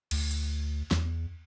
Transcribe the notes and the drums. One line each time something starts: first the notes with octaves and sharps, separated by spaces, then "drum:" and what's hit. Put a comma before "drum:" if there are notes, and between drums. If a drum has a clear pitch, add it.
D2, drum: cymbal
drum: hi-hat
E2, drum: snare